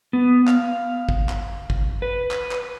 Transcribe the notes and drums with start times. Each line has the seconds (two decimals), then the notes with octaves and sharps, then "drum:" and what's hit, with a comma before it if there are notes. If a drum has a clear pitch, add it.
0.13 B3
0.47 F5, drum: clap
1.09 drum: kick G#1
1.29 drum: clap
1.70 drum: kick G#1
2.02 B4
2.31 drum: clap
2.51 drum: clap